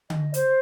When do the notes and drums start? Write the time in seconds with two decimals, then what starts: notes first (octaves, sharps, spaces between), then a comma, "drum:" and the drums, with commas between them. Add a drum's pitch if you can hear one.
0.10 D#5, drum: tom D3
0.34 C5, drum: hi-hat